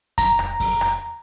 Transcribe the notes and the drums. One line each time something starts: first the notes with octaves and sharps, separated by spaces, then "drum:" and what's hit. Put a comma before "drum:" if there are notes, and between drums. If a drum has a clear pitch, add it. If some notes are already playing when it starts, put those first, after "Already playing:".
A#5, drum: kick F2, hi-hat
drum: rim click
drum: kick F2, open hi-hat
drum: rim click